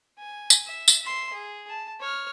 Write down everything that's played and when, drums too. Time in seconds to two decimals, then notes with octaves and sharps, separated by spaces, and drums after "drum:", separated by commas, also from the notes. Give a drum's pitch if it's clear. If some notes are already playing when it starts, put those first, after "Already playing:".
0.18 G#5
0.50 drum: tambourine
0.66 E5
0.88 drum: tambourine
1.02 E5 C6
1.33 G#4
1.69 A5
2.00 C#5 F6